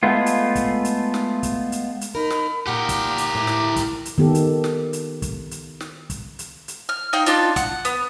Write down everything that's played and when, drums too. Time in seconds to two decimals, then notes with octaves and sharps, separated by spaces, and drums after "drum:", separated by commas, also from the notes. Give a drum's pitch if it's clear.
0.03 G#3 A3 B3 F4
0.26 drum: hi-hat
0.55 drum: kick, hi-hat
0.85 drum: hi-hat
1.14 drum: snare
1.43 drum: kick, hi-hat
1.72 drum: hi-hat
2.01 drum: hi-hat
2.15 D#4 A#4 B5
2.30 drum: snare
2.67 A#2 G4 A#4 F#5 D6
2.89 drum: kick, hi-hat
3.18 drum: hi-hat
3.35 A2
3.47 drum: snare
3.76 drum: kick, hi-hat
4.05 drum: hi-hat
4.18 D#3 B3 G4 A4
4.35 drum: hi-hat
4.64 drum: snare
4.93 drum: hi-hat
5.22 drum: kick, hi-hat
5.51 drum: hi-hat
5.80 drum: snare
6.10 drum: kick, hi-hat
6.39 drum: hi-hat
6.68 drum: hi-hat
6.89 F6
7.13 D#4 F5 G5
7.26 D4 D#4 F4, drum: hi-hat
7.56 F#5, drum: kick, hi-hat
7.85 B3, drum: hi-hat